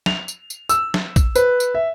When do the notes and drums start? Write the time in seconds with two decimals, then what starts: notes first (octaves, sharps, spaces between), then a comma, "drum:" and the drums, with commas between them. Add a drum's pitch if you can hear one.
0.06 F7, drum: snare
0.28 drum: tambourine
0.50 drum: tambourine
0.69 E6, drum: tambourine
0.94 drum: snare
1.16 drum: kick, tambourine
1.35 B4, drum: tambourine
1.60 drum: tambourine
1.75 E5